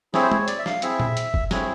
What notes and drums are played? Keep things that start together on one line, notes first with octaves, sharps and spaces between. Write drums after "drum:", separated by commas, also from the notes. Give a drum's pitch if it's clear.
C4 E4 G#4 C#5, drum: snare
C5
C#5, drum: tom
D5, drum: hi-hat
E5
F5, drum: snare
C4 E4 G#4 E5, drum: hi-hat
drum: tom A#2
drum: hi-hat
drum: kick F#1
C4 E4 G#4 C#5, drum: snare